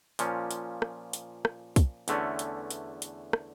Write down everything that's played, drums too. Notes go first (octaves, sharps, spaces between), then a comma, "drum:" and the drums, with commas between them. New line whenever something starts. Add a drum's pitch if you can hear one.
A#2 F3 C#4, drum: hi-hat
drum: hi-hat
drum: rim click
drum: hi-hat
drum: rim click
drum: kick, hi-hat
E2 D3 A3 C#4, drum: hi-hat
drum: hi-hat
drum: hi-hat
drum: hi-hat
drum: rim click